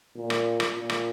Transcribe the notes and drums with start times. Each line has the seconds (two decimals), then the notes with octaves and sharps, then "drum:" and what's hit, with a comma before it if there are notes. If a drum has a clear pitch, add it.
0.16 A#2
0.30 drum: rim click
0.60 drum: rim click
0.75 A#2
0.90 drum: rim click